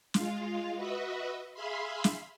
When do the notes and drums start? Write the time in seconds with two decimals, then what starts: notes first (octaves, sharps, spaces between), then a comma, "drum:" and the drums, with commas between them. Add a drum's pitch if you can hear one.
0.14 G#3 F4 F5, drum: snare
0.75 F#4 B4 D#5 E5
1.53 G#4 E5 F5 B5 C6
2.04 drum: snare